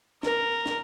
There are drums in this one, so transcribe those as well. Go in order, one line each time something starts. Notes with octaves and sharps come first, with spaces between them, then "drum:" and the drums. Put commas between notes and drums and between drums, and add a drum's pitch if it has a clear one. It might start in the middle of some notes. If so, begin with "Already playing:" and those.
A#4, drum: snare
drum: snare